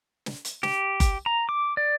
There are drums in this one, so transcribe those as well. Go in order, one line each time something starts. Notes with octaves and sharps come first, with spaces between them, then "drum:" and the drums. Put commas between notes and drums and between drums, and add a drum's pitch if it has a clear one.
drum: snare
drum: hi-hat
G4, drum: snare
drum: kick F#1, hi-hat
A#5
D6
D5